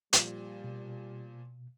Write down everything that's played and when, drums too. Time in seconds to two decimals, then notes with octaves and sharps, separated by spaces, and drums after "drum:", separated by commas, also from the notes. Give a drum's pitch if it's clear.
0.13 A#2 F3 G3, drum: hi-hat
0.64 B2